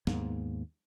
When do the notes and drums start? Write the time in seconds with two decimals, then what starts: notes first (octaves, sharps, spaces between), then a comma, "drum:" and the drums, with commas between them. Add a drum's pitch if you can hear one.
0.07 D#2 G#2 A#3 B3, drum: snare